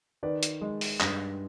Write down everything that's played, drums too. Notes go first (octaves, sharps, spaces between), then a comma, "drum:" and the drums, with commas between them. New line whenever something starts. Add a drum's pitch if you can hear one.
D#3 B4 D5
drum: hi-hat
G#3
drum: open hi-hat
G2, drum: clap